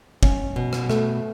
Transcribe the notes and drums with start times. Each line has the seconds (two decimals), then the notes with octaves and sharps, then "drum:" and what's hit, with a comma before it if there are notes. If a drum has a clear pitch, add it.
0.23 C#4, drum: kick
0.56 B2
0.73 drum: rim click
0.90 A3, drum: rim click